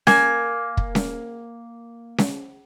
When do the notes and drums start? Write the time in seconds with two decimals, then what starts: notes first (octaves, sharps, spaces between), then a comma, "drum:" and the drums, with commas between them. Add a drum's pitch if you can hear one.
0.07 A#3 G#5, drum: snare C#4
0.77 drum: kick
0.95 drum: snare C#4
2.18 drum: snare C#4